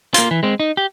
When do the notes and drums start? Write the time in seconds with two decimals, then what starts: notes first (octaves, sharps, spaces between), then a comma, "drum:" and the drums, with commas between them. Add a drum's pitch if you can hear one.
0.14 A#3 F4, drum: hi-hat
0.31 E3
0.43 G#3 C4
0.60 D#4
0.77 G4